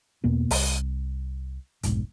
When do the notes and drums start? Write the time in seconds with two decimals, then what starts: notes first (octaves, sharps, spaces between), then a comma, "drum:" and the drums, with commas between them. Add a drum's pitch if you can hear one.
0.24 E2 B2 A#3 B3
0.51 C2, drum: open hi-hat
1.83 F1 B1 G#2, drum: hi-hat